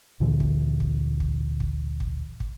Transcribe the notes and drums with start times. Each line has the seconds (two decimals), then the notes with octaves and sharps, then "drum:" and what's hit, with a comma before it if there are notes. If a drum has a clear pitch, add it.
0.20 D2 A#2 D3 E3
0.40 drum: kick
0.80 drum: kick
1.20 drum: kick
1.60 drum: kick
2.00 drum: kick
2.40 drum: kick